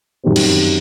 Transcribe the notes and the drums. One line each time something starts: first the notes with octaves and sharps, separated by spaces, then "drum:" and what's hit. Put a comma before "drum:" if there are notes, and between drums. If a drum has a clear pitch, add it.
F#2 D#3 G3 C4
drum: cymbal